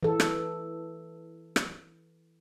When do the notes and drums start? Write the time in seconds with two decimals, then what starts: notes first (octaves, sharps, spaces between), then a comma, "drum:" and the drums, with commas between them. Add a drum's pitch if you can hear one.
0.03 E3 A4
0.20 drum: rim click
1.56 drum: rim click